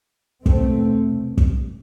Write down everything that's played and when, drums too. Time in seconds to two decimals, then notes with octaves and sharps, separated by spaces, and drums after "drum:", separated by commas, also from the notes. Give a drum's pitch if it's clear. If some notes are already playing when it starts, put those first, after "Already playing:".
0.46 E2 B2 A3 C4, drum: kick
1.07 C2 B2
1.38 drum: kick